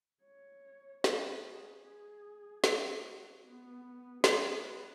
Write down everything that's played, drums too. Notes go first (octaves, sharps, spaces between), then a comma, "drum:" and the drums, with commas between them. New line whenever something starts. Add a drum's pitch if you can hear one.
C#5
B4, drum: snare
G#4
G#4
F#4, drum: snare
B3
G#4, drum: snare
B4